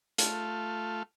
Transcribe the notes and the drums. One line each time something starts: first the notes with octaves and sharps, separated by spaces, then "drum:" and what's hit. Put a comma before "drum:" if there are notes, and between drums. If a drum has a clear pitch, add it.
A3 F4, drum: hi-hat